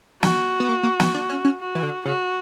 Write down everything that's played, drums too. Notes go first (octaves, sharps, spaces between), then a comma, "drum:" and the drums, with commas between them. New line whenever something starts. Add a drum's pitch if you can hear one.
F#4, drum: snare
B3
A#3
A#3
B3, drum: snare
D4
C#4
C#4
F#4
E3
D3
C#3 F#4